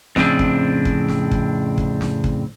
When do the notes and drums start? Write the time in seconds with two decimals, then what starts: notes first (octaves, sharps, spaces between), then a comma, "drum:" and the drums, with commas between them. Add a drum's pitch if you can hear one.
0.16 F2 A2 C#3 C4 D4, drum: snare
0.39 drum: kick
0.85 drum: kick
1.08 drum: snare
1.31 drum: kick
1.78 drum: kick
2.01 drum: snare
2.24 drum: kick